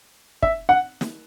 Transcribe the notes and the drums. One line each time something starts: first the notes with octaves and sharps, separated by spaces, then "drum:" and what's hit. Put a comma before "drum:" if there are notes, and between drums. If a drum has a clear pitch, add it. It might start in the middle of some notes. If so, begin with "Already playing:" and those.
E5, drum: kick
F#5
drum: snare